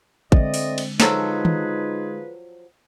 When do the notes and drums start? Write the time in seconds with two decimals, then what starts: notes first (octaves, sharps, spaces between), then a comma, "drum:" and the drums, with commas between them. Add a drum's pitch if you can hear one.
0.32 D3 G#3 A3 C4 D5 D#5, drum: kick A1
0.54 drum: open hi-hat
0.78 drum: cymbal
1.00 F3 F#3 D#4 F4 G#4 A4 B4, drum: snare
1.45 drum: tom D#3